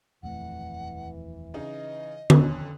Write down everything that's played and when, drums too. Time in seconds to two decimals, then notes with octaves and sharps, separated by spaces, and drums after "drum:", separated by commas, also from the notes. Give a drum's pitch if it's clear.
0.23 D#1 F2 E3 A3 F#5
1.54 C#3 D#4 D#5
2.30 D#1 F2 D3 C#4, drum: tom D3